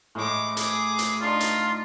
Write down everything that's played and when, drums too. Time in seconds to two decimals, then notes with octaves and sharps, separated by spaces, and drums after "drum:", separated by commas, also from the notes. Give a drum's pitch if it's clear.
0.15 A2 G#3 D6
0.57 G#4 D6, drum: hi-hat
0.99 drum: hi-hat
1.21 D4 D#4 F4
1.40 drum: hi-hat